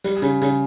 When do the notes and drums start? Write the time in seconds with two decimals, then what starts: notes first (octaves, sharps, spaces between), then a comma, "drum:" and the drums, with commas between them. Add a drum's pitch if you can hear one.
0.04 G3, drum: hi-hat
0.22 C#3, drum: hi-hat
0.42 C#3, drum: hi-hat